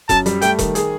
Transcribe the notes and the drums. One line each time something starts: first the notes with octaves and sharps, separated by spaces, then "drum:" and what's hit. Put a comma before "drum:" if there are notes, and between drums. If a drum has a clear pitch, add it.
F#2 A5, drum: kick E1, hi-hat
G3, drum: hi-hat
A3 G5, drum: hi-hat
D#3, drum: kick E1, hi-hat
G#4, drum: hi-hat